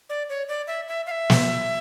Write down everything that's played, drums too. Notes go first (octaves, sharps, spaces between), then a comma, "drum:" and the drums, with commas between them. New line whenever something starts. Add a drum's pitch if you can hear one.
D5
C#5
D5
E5
E5
F5
E5
drum: snare